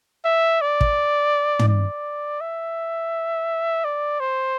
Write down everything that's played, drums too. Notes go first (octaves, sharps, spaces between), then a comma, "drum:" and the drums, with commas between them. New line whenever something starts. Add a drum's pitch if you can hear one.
E5
D5
drum: kick
drum: tom
D5
E5
D5
C5